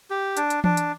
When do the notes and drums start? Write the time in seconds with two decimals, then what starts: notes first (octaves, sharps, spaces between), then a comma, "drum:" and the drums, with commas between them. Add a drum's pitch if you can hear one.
0.10 G4
0.37 D4, drum: hi-hat
0.50 drum: hi-hat
0.64 D4, drum: tom E3
0.77 drum: hi-hat